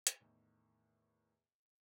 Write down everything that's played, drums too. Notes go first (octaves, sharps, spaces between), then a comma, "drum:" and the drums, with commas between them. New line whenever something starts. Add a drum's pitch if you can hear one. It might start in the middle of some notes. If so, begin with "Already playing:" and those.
drum: hi-hat
E2 A2 D#3